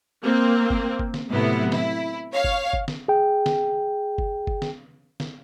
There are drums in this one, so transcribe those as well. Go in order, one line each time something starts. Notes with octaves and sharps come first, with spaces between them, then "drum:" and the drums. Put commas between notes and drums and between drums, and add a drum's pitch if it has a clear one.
A#3 C4
drum: kick G1
drum: kick G1
drum: snare
A2 C3 F#3 B3 E4
E4, drum: snare
C#5 F5
drum: kick G1
drum: kick G1
drum: snare
G#4 G5
drum: snare
drum: kick G1
drum: kick G1
drum: snare
drum: snare